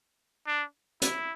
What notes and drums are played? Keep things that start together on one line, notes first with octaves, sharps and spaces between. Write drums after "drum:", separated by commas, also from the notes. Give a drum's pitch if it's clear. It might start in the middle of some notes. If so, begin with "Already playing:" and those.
D4
E4, drum: hi-hat